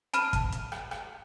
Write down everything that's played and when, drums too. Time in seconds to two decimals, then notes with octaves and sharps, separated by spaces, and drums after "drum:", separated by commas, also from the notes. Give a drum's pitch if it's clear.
0.14 A5 B5 F6 D#7, drum: hi-hat
0.33 drum: kick, hi-hat
0.52 drum: hi-hat
0.72 drum: rim click
0.91 drum: rim click